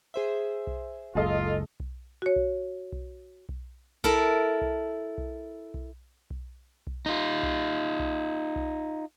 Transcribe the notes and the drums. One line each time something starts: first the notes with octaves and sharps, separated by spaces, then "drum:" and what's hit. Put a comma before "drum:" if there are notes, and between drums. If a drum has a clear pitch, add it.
G#4 C5 E5
drum: kick B1
F#1 C#2 F4 G#4 A4 D#5
drum: kick B1
F#4 C#5
drum: kick B1
drum: kick B1
drum: kick B1
E4 A4 A#4, drum: kick B1
drum: kick B1
drum: kick B1
drum: kick B1
drum: kick B1
drum: kick B1
D#4 F4
drum: kick B1
drum: kick B1
drum: kick B1